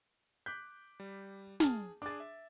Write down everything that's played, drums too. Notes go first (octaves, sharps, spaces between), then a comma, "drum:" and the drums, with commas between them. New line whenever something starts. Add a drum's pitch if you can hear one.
D6 F#6 G6 B6
G3
G#4 A5 F6, drum: snare
D4 G#4 D6 A6
E5